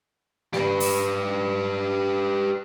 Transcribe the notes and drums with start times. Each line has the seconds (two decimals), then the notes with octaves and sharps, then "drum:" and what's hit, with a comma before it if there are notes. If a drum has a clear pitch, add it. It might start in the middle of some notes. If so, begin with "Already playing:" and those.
0.53 G4 B4, drum: snare
0.80 drum: open hi-hat